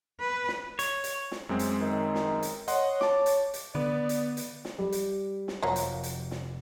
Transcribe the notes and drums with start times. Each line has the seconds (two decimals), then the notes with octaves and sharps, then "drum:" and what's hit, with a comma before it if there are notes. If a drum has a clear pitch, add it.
0.20 B4
0.48 drum: snare
0.79 C#5, drum: hi-hat
1.04 drum: hi-hat
1.31 drum: snare
1.49 F#2 G#3 C4
1.59 drum: hi-hat
1.80 D#3
2.15 drum: snare
2.43 drum: hi-hat
2.68 C#5 D#5 F#5 C6, drum: hi-hat
3.01 A5 D6, drum: snare
3.26 drum: hi-hat
3.54 drum: hi-hat
3.75 D3 B3 D5
4.09 drum: hi-hat
4.37 drum: hi-hat
4.65 drum: snare
4.79 G3
4.92 drum: hi-hat
5.48 drum: snare
5.62 F1 F3 F#3 A#3
5.76 drum: hi-hat
6.03 drum: hi-hat
6.31 drum: snare